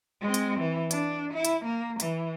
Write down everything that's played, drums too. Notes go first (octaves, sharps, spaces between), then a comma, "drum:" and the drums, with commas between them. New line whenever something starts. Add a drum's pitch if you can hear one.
G#3 C4
drum: hi-hat
E3
D4, drum: hi-hat
E4
drum: hi-hat
A#3
E3, drum: hi-hat